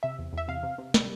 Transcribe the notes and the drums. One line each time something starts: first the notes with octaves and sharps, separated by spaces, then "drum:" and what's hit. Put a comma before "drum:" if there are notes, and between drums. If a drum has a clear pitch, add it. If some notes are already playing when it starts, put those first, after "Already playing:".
C3 E5
E2
E2 E5
C3 F5
C3
C3
G3, drum: snare